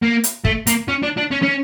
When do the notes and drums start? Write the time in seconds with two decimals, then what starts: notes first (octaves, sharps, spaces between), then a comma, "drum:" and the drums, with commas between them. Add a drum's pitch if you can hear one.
0.02 A#3
0.24 drum: hi-hat
0.45 A3, drum: kick
0.67 A#3, drum: hi-hat
0.88 C#4
1.03 D4
1.17 D4
1.31 C#4
1.42 C#4